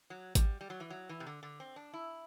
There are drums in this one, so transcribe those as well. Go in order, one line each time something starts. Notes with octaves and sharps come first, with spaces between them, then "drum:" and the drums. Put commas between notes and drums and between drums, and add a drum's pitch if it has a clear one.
F#3
G3, drum: kick G#1, hi-hat
G3
F#3
E3
F#3
E3
C3
D3
D3
C4
D4
E4